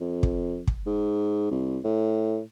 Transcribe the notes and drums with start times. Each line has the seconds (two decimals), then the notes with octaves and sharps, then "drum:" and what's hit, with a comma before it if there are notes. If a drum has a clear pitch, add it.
0.01 F2
0.23 drum: kick
0.67 drum: kick
0.87 G#2
1.51 C2
1.84 A2